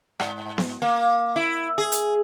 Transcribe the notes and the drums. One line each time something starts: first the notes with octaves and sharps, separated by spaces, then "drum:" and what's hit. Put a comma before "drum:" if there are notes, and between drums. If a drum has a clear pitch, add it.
G#2, drum: rim click
drum: snare B3
A#3
E4
G#4
drum: hi-hat